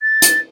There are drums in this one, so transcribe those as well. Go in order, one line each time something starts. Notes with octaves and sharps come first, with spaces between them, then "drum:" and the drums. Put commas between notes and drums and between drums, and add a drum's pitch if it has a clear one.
A6
drum: hi-hat